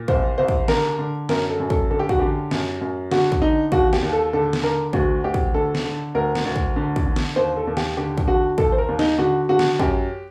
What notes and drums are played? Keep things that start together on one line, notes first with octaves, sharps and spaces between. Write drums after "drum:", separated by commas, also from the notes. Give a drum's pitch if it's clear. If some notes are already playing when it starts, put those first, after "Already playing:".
Already playing: A#2
C2 C5, drum: kick
C2 C5
drum: kick
D3 A#4, drum: snare
D3
F#2 A#4, drum: snare
A4
F#2
A4, drum: kick
D3 A4
G4
F#4, drum: kick
D3 G4
F#2, drum: snare
F#2
D3 F#4, drum: snare
drum: kick
D3 D#4
D#2 F#4, drum: kick
G4, drum: snare
D#2
A4
D3 A4
drum: snare
D3 A#4
D2 F#4, drum: kick
D2 G4
drum: kick
D3 A4
drum: snare
D3
D2 A#4
drum: snare
D2
drum: kick
D3
drum: kick
D3
drum: snare
D#2 C5
A4
D#2
G4, drum: snare
D3 G4
drum: kick
D3 F#4
D#2 A4, drum: kick
C5
A#4
D#2
D#4, drum: snare
D3 F#4
D3 F#4
drum: snare
F#2 G4, drum: kick